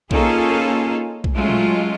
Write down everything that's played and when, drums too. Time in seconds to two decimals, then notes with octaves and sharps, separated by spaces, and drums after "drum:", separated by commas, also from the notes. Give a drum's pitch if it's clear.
0.11 A#3 C#4 D#4 F4 G#4 A4, drum: kick B1
1.24 drum: kick B1
1.34 F#3 G#3 A3 C#4 F4
1.48 drum: tom A#2